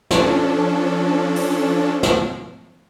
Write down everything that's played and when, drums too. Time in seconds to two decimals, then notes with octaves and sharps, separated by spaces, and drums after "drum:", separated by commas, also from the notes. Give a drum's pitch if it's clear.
0.11 F3 C#4 D4 A4, drum: snare
1.36 drum: open hi-hat
2.03 drum: snare